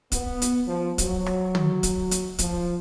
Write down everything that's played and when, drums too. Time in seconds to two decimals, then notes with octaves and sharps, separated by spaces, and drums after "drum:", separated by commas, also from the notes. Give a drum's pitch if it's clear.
0.12 B3, drum: kick, hi-hat
0.42 drum: hi-hat
0.66 F3
0.98 F#3, drum: kick, hi-hat
1.26 drum: rim click
1.55 drum: tom
1.83 drum: kick, hi-hat
2.11 drum: hi-hat
2.39 F3, drum: kick, hi-hat